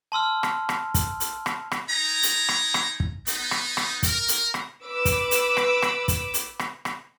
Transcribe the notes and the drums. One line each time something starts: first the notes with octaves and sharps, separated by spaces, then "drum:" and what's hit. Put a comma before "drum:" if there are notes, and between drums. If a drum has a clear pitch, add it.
A5 C6 E6 F6
drum: rim click
drum: rim click
drum: kick, hi-hat
drum: hi-hat
drum: rim click
drum: rim click
D#4 E4 G#5 A#5
drum: hi-hat
drum: rim click
drum: rim click
drum: kick
B3 D#4, drum: hi-hat
drum: rim click
drum: rim click
A#4, drum: kick, hi-hat
drum: hi-hat
drum: rim click
B4 D6 E6
drum: kick, hi-hat
drum: hi-hat
drum: rim click
drum: rim click
drum: kick, hi-hat
drum: hi-hat
drum: rim click
drum: rim click